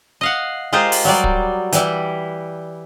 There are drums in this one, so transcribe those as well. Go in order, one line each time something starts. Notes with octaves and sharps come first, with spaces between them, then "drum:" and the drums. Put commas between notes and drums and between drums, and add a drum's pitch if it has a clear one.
D#5 F5 F#5
G#3 F4 G4 A#4 C5
drum: open hi-hat
F#3 G3 D5
drum: kick
E3 G3 E4, drum: hi-hat